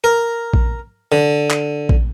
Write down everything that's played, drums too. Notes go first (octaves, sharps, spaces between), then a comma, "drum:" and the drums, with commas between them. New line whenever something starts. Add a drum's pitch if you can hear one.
A#4
drum: kick A#1
D3
drum: clap
drum: kick A#1